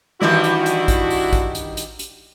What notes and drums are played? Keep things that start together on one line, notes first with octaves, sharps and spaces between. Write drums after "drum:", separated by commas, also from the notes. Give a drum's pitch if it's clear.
D#3 E3 G3 D4 E4 F#4, drum: snare
drum: hi-hat
drum: hi-hat
drum: kick, hi-hat
drum: open hi-hat
drum: kick, hi-hat
drum: hi-hat
drum: hi-hat
drum: hi-hat